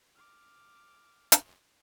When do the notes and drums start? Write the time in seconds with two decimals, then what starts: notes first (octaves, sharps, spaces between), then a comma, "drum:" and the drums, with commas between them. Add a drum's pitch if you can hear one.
0.15 D6 F6
1.32 drum: hi-hat